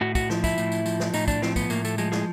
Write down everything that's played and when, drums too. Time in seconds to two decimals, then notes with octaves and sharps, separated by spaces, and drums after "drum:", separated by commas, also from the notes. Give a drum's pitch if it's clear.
0.01 A2 F#4
0.15 F#4, drum: kick, tambourine
0.30 F3, drum: snare
0.44 E4, drum: kick, tambourine
0.58 A2, drum: tambourine
0.72 drum: tambourine
0.86 F3, drum: tambourine
1.00 drum: snare
1.14 A2 D#4, drum: tambourine
1.28 D4, drum: kick, tambourine
1.42 F3 C4, drum: snare
1.56 B3, drum: kick, tambourine
1.70 A2 A#3, drum: tambourine
1.85 A3, drum: tambourine
1.98 F3 G#3, drum: tambourine
2.12 G#3, drum: snare